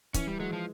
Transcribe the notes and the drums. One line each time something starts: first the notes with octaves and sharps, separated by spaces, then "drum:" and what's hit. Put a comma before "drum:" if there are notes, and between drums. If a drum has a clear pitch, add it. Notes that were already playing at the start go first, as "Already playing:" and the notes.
E3 C#4, drum: kick, hi-hat
G3
F#3 G#3
F3